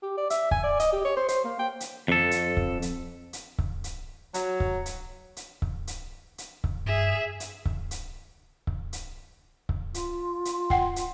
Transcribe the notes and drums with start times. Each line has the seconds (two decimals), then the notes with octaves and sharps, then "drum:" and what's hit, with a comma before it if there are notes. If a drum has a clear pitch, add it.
0.02 G4
0.17 D5
0.30 E5, drum: hi-hat
0.51 G#5, drum: kick C#1
0.64 D5
0.79 D#5, drum: hi-hat
0.92 G4
1.05 C#5
1.16 C5
1.28 C5, drum: hi-hat
1.44 A#3
1.59 G5
1.80 drum: hi-hat
2.08 F2 A4
2.31 drum: hi-hat
2.57 drum: kick C#1
2.82 drum: hi-hat
3.33 drum: hi-hat
3.58 drum: kick C#1
3.84 drum: hi-hat
4.34 F#3, drum: hi-hat
4.60 drum: kick C#1
4.86 drum: hi-hat
5.37 drum: hi-hat
5.62 drum: kick C#1
5.87 drum: hi-hat
6.38 drum: hi-hat
6.64 drum: kick C#1
6.86 G2 G#4 E5
7.40 drum: hi-hat
7.65 drum: kick C#1
7.91 drum: hi-hat
8.67 drum: kick C#1
8.93 drum: hi-hat
9.69 drum: kick C#1
9.94 F4, drum: hi-hat
10.45 drum: hi-hat
10.70 F#5 G5, drum: kick C#1
10.96 drum: hi-hat